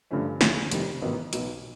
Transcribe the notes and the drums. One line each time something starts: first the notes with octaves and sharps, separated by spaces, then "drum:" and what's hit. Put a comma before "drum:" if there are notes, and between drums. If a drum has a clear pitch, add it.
G2 D3 F3 A3 C#4
D#2 D3 F3 A3 C#4, drum: snare
F1 F2 C3 D#3 G3, drum: hi-hat
A1 G#2 D#3 F#3 B3
B1 B2 F#3 B3, drum: hi-hat